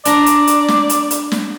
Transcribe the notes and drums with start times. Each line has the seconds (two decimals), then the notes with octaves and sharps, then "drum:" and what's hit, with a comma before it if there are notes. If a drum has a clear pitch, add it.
0.05 D4 D5 A#5, drum: hi-hat
0.26 drum: hi-hat
0.47 drum: hi-hat
0.68 drum: snare
0.89 drum: hi-hat
1.11 drum: hi-hat
1.32 drum: snare